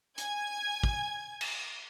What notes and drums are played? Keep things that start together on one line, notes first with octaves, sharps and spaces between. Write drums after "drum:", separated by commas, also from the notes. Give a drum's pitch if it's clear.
G#5 G#6, drum: hi-hat
drum: kick
drum: cymbal